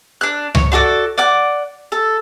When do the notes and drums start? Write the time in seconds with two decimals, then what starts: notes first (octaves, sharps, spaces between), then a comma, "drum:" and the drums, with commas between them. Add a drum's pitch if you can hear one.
0.21 D4 F#6
0.55 C#5, drum: tom C#2
0.72 D4 F#4 A4 D5
1.18 D5 F#5 D6
1.92 A4